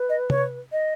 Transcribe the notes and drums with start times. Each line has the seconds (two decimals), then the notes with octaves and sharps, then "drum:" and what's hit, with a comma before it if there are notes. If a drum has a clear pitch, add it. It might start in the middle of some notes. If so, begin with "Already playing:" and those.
Already playing: B4
0.09 D#5
0.30 C#5, drum: tom C3
0.72 D#5